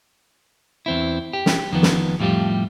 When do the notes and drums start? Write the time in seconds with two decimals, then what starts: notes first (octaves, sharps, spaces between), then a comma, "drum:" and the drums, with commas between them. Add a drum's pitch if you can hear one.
0.86 E2 C4 E4
1.33 G4
1.46 drum: snare
1.72 F2 D#3 F3 B3
1.83 drum: snare
2.20 F2 A2 G3 F4 G4